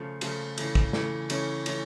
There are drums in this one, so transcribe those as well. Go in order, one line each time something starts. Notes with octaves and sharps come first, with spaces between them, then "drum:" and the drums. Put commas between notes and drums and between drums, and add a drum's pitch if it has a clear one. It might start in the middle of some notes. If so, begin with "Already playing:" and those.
Already playing: C#3 F3 A3
C#3 F3 A3, drum: cymbal
C#3 E3 A3, drum: cymbal
drum: kick
C#3 E3 A3, drum: snare
C#3 E3 A3 C#4, drum: cymbal
E3 A3 C#4, drum: cymbal